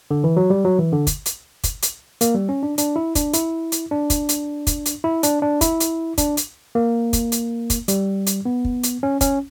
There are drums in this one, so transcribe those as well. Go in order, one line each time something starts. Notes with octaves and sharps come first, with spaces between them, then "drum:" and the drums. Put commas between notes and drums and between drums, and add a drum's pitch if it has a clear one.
D3
E3
F#3
G3
F#3
E3
D3
drum: kick, hi-hat
drum: hi-hat
drum: kick, hi-hat
drum: hi-hat
A#3, drum: hi-hat
G3
C#4
D4
D4, drum: hi-hat
E4
D4, drum: kick, hi-hat
E4, drum: hi-hat
drum: hi-hat
D4
drum: kick, hi-hat
drum: hi-hat
drum: kick, hi-hat
drum: hi-hat
E4
D4, drum: hi-hat
D4
E4, drum: kick, hi-hat
drum: hi-hat
D4, drum: kick, hi-hat
drum: hi-hat
A#3
drum: kick, hi-hat
drum: hi-hat
drum: kick, hi-hat
G3, drum: hi-hat
drum: hi-hat
B3
drum: kick
drum: hi-hat
C#4
C#4, drum: kick, hi-hat